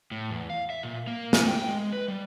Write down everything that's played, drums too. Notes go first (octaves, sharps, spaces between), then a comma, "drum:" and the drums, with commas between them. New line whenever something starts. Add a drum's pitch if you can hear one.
A2
E2
F5
E5
A#2
A#3
G#5, drum: snare
G5
G#3
B4
G3